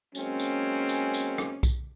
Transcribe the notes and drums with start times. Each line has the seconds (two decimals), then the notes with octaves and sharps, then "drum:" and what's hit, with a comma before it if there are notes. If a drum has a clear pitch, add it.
0.15 F#3 G#3 A#3 C4 C#4, drum: tambourine
0.40 drum: tambourine
0.89 drum: tambourine
1.14 drum: tambourine
1.38 drum: rim click
1.63 drum: kick B1, tambourine